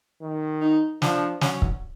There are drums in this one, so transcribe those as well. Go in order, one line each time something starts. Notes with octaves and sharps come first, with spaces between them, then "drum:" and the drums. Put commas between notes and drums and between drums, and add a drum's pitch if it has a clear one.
D#3
D#4
F3 D4, drum: snare
F#3 C#4, drum: snare
drum: kick